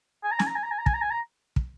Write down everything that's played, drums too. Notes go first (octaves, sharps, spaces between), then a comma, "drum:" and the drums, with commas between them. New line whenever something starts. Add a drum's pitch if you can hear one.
G#5
A#5
G#5, drum: snare
A#5
G#5
A#5
G#5
A#5
G#5, drum: kick
A#5
G#5
A#5
drum: kick